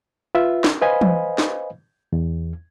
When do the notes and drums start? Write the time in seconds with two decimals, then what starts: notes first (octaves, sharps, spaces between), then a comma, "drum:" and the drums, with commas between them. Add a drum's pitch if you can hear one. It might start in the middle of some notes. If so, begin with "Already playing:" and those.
0.35 F4 B4 E5
0.64 drum: snare
0.82 B4 C5 D#5 F5 G#5 B5
1.01 drum: tom E3
1.38 drum: snare
2.12 E2